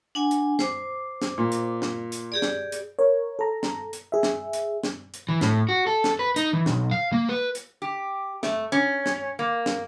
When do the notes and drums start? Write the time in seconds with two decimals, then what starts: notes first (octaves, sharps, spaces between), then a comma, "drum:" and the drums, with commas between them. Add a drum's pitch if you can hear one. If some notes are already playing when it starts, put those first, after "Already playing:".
0.15 D4 F#5 G#5
0.31 drum: hi-hat
0.59 C5 D6, drum: snare
1.22 drum: snare
1.38 A#2
1.52 drum: hi-hat
1.82 drum: snare
2.12 drum: hi-hat
2.32 G4 G#4 D5
2.42 drum: snare
2.72 drum: hi-hat
2.99 A#4 C#5
3.39 A4 A#5
3.63 drum: snare
3.93 drum: hi-hat
4.12 G#4 E5
4.23 drum: snare
4.53 drum: hi-hat
4.83 drum: snare
5.14 drum: hi-hat
5.29 E3
5.41 A2, drum: snare
5.69 F#4
5.87 A4
6.04 drum: snare
6.19 B4
6.36 D#4, drum: hi-hat
6.53 E3
6.66 B1, drum: snare
6.91 F5
7.12 A#3
7.29 B4
7.55 drum: hi-hat
7.82 G4
8.43 A3, drum: snare
8.72 C#4
9.06 drum: snare
9.39 A#3
9.66 drum: snare